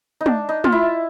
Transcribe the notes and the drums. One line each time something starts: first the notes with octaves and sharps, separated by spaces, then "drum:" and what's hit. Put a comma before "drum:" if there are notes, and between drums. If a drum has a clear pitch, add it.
D#4
D4, drum: tom
D#4
F4, drum: tom
E4